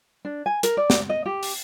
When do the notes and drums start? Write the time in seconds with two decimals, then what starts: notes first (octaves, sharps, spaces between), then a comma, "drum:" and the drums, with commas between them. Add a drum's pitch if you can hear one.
0.25 D4
0.46 G#5
0.63 A#4, drum: hi-hat
0.77 D5
0.90 drum: snare
1.09 D#5
1.26 G4
1.43 drum: open hi-hat